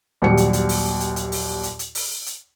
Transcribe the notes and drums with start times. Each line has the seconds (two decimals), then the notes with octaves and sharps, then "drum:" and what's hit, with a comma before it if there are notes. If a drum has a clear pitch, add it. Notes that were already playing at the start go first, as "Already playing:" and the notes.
0.22 A#1 D#2 F#3 G3 C#7
0.37 drum: hi-hat
0.53 drum: hi-hat
0.69 drum: open hi-hat
1.00 drum: hi-hat
1.16 drum: hi-hat
1.32 drum: open hi-hat
1.63 drum: hi-hat
1.79 drum: hi-hat
1.95 drum: open hi-hat
2.26 drum: hi-hat